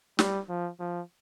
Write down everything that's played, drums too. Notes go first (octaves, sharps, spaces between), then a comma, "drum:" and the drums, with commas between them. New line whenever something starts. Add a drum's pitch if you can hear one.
G3, drum: snare
F3
F3